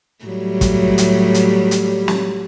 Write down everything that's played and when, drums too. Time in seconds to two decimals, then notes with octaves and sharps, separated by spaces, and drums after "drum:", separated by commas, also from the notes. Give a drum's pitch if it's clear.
0.24 A2 F#3 G3
0.61 drum: kick, hi-hat
0.98 drum: hi-hat
1.34 drum: hi-hat
1.71 drum: hi-hat
2.08 drum: snare